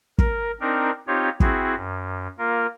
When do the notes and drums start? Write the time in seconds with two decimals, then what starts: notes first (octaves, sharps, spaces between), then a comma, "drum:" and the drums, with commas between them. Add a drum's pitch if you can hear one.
0.18 A#4, drum: kick
0.61 C4 D4 D#4 A#4
1.07 C4 D#4 F4 G4 C#5
1.40 C4 E4 F#4 G#4, drum: kick
1.75 F#2
2.38 A#3 F4 A#4